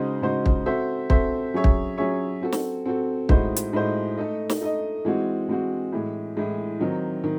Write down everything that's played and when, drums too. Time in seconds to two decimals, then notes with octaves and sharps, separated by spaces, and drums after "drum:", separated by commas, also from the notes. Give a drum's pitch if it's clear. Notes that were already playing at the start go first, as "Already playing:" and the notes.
Already playing: C#3 G#3 D#4 F#4 C5
0.22 C#3 G#3 D#4 F#4 C5
0.46 drum: kick
0.66 C4 F#4 A4 C5 E5
1.10 C4 F#4 A4 C5 E5, drum: kick
1.54 F#3 C#4 G#4 C#5 E5
1.64 drum: kick
1.98 F#3 C#4 G#4 C#5 E5
2.42 C4 F#4 A4
2.52 drum: snare
2.86 C4 F#4 A4
3.29 A2 G#3 D#4 F#4 C5, drum: kick
3.56 drum: hi-hat
3.73 A2 G#3 D#4 F#4 C5
4.17 A3 D#4 A4 D#5
4.50 drum: snare
4.61 A3 D#4 A4 D#5
5.05 E3 G#3 C4 F#4
5.48 E3 G#3 C4 F#4
5.92 A2 E3 G#3
6.37 A2 E3 G#3
6.79 D#3 F#3 C4 D#4
7.24 D#3